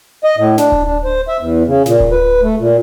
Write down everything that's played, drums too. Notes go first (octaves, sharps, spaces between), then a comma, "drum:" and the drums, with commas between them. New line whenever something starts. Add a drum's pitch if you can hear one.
D#5
A2
D4, drum: snare
drum: kick D1
D4
C5
E5
E2
C#3
A#2, drum: snare
drum: kick D1
B4
A3
A#2